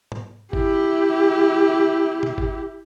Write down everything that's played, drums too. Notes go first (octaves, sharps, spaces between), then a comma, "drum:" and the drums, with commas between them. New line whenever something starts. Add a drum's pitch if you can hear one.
drum: tom G#2
E4 G4, drum: kick G1
drum: tom
drum: kick G1